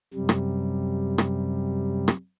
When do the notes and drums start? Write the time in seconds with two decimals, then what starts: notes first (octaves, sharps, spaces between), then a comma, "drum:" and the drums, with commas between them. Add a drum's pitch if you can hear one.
0.14 F#2 C3 G3
0.29 drum: rim click
1.18 drum: rim click
2.08 drum: rim click